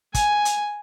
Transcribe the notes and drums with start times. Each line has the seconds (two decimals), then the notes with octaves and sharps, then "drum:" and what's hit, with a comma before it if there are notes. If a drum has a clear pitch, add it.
0.14 G#5, drum: kick, hi-hat
0.45 drum: hi-hat